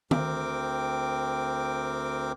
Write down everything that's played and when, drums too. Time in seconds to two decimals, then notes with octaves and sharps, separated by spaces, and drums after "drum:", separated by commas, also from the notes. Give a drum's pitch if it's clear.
0.11 D2 C4 A#4 G5 D6, drum: tom